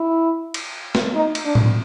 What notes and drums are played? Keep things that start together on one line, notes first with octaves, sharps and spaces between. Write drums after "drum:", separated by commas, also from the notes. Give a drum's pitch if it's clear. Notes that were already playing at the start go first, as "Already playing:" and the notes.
Already playing: E4
drum: cymbal
drum: snare
D#4
drum: cymbal
D4
drum: tom A2